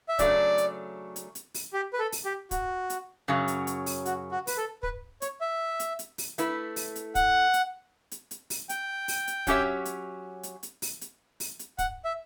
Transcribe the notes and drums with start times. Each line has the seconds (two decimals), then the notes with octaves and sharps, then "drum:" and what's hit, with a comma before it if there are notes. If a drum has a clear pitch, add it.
0.09 E5
0.19 C#3 F#3 A3 D4 D5, drum: kick, hi-hat
0.58 drum: hi-hat
1.16 drum: hi-hat
1.35 drum: hi-hat
1.54 drum: open hi-hat
1.73 G4
1.93 B4
1.99 A4
2.12 drum: open hi-hat
2.25 G4
2.51 F#4, drum: kick, hi-hat
2.90 drum: hi-hat
3.28 F#2 C#3 F#3
3.48 drum: hi-hat
3.67 drum: hi-hat
3.86 drum: open hi-hat
4.06 F#4, drum: hi-hat
4.31 F#4
4.47 B4, drum: open hi-hat
4.57 A4
4.83 B4, drum: kick
5.22 C#5, drum: hi-hat
5.41 E5
5.80 drum: hi-hat
5.99 drum: hi-hat
6.18 drum: open hi-hat
6.38 A3 E4 B4, drum: hi-hat
6.76 drum: open hi-hat
6.96 drum: hi-hat
7.15 F#5, drum: kick, hi-hat
7.53 drum: hi-hat
8.11 drum: hi-hat
8.31 drum: hi-hat
8.50 drum: open hi-hat
8.69 G5, drum: hi-hat
9.08 drum: open hi-hat
9.27 drum: hi-hat
9.47 F#3 C#4 G4 C#5 E5, drum: kick, hi-hat
9.85 drum: hi-hat
10.43 drum: hi-hat
10.63 drum: hi-hat
10.82 drum: open hi-hat
11.01 drum: hi-hat
11.40 drum: open hi-hat
11.59 drum: hi-hat
11.78 F#5, drum: kick, hi-hat
12.05 E5